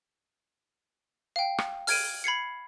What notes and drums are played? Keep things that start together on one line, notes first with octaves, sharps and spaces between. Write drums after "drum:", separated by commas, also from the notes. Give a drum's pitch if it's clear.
F5 G5
drum: rim click
F6 G#6 D7 D#7, drum: open hi-hat
B5 G#6 C7 C#7